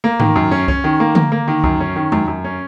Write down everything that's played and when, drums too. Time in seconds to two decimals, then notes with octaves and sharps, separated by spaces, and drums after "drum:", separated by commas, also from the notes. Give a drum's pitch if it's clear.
0.04 A#3
0.20 D#3, drum: tom G#2
0.36 F#2
0.51 C#4
0.68 C#4, drum: kick
0.84 D#3
1.00 A#3
1.15 A#3, drum: tom D3
1.32 A#3
1.48 D#3
1.64 F#2, drum: kick
1.80 C#4
1.96 D#3
2.12 F#2, drum: tom G#3
2.28 F#2
2.44 C#4